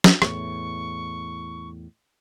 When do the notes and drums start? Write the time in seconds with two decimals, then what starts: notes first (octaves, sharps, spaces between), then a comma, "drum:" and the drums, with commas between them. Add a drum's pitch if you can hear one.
0.04 drum: snare
0.22 E2 A2 C#6, drum: rim click